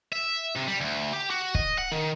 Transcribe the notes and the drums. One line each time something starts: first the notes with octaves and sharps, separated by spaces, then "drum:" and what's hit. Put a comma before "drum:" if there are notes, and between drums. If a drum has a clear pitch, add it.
E5
C3
G3
D2
G4
F#4
D#5, drum: kick
F#5
D#3